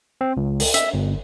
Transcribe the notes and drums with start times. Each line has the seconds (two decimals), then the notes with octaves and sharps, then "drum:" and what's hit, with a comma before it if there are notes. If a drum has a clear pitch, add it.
0.21 C4
0.37 C#2
0.60 drum: open hi-hat
0.74 E5, drum: hi-hat
0.94 G1